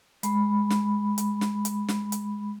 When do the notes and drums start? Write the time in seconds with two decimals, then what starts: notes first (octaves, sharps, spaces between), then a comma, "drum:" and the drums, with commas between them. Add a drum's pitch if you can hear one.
0.23 G#3 B5, drum: hi-hat
0.70 drum: snare
1.18 drum: hi-hat
1.41 drum: snare
1.65 drum: hi-hat
1.88 drum: snare
2.12 drum: hi-hat